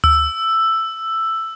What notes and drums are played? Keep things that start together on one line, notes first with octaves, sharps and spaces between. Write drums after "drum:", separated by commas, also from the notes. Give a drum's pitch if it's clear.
E6, drum: tom D2